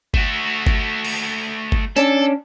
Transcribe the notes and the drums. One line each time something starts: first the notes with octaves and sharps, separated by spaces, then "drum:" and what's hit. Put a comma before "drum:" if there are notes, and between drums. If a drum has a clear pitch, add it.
A3 F#4, drum: kick G1
drum: kick G1
drum: cymbal
drum: kick G1
C#4 D4 A4, drum: tambourine